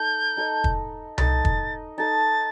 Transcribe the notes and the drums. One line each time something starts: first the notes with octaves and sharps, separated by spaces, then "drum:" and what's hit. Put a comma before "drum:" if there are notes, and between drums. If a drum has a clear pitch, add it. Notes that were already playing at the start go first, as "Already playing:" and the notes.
Already playing: D#4 A4 G6
D#4 A4 D#5
drum: kick
D#4 A4 D#5 A6, drum: tom C2
drum: kick
D#4 A4 D#5 A6